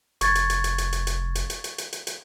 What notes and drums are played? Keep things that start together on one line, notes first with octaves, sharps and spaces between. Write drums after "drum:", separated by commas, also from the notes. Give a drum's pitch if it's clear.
F1 C#6 G#6 A6, drum: hi-hat
drum: hi-hat
drum: hi-hat
drum: hi-hat
drum: hi-hat
drum: hi-hat
drum: hi-hat
drum: hi-hat
drum: hi-hat
drum: hi-hat
drum: hi-hat
drum: hi-hat
drum: hi-hat